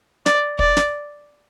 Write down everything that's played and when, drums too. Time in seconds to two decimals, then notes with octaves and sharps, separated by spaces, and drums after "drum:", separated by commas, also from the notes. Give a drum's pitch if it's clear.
0.26 D5, drum: snare
0.59 D5, drum: kick
0.77 drum: snare